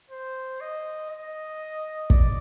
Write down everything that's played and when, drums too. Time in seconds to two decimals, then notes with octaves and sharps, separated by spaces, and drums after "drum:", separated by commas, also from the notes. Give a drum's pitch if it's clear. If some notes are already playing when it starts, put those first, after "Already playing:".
0.10 C5
0.61 D#5
1.10 D#5
2.10 D5, drum: kick